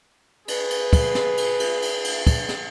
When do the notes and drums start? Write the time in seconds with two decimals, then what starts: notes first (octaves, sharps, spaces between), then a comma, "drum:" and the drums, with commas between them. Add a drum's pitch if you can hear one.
0.48 G#4 B4, drum: cymbal
0.70 drum: cymbal
0.93 drum: kick, cymbal
1.15 drum: snare
1.37 drum: cymbal
1.60 drum: cymbal
1.82 drum: cymbal
2.04 drum: cymbal
2.27 drum: kick, cymbal
2.49 drum: snare